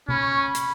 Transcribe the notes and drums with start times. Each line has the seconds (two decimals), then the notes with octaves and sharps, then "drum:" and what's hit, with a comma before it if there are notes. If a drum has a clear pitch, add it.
0.09 C#4 B5, drum: tom C3
0.21 C#6
0.31 C#6
0.43 B5
0.55 drum: hi-hat